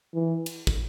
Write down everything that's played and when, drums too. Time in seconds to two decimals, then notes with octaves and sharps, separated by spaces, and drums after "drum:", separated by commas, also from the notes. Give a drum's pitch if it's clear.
0.14 E3
0.46 drum: cymbal
0.67 drum: kick